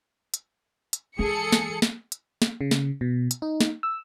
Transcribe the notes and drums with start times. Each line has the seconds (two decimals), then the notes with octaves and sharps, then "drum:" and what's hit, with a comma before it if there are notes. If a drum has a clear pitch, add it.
0.34 drum: hi-hat
0.93 drum: hi-hat
1.19 E3 G#3 G#4 A4 C#7
1.52 drum: snare
1.82 drum: snare
2.12 drum: hi-hat
2.42 drum: snare
2.61 C#3
2.71 drum: snare
3.01 B2
3.31 drum: hi-hat
3.42 D#4
3.60 drum: snare
3.83 E6